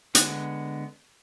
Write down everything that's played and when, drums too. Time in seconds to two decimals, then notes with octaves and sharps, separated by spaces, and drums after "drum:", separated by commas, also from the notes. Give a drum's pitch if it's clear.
0.15 D3 G#3 B3 F#6, drum: hi-hat